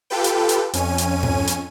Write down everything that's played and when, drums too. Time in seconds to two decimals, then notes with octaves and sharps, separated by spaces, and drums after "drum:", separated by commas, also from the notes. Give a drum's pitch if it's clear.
0.10 F4 G4 A4 B4 G5
0.24 drum: hi-hat
0.49 drum: hi-hat
0.73 F2 C#4 G#5 D#7, drum: hi-hat
0.98 drum: hi-hat
1.23 drum: tom G#2
1.47 drum: hi-hat